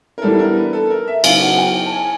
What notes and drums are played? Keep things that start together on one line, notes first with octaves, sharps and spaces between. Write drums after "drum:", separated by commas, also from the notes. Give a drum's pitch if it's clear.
A#4
E3 G3 B3 D4 A4
A#4
B4
A4
A#4
E5
C#3 F#3 B3 D#4 F5, drum: cymbal
F#5
G5
A5
G#5